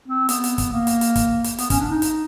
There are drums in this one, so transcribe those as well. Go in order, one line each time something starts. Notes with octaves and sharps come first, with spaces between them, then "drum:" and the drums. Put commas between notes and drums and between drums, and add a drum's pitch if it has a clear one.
C4
B3, drum: hi-hat
drum: hi-hat
drum: kick, hi-hat
A#3
drum: hi-hat
drum: hi-hat
drum: kick, hi-hat
drum: hi-hat
B3, drum: hi-hat
C#4, drum: kick, hi-hat
D4
D#4
drum: hi-hat